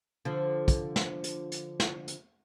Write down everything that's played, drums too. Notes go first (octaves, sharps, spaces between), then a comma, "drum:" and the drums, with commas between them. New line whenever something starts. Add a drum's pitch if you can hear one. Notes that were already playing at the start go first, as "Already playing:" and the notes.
D3 F3
drum: kick, hi-hat
drum: snare
drum: hi-hat
drum: hi-hat
drum: snare
drum: hi-hat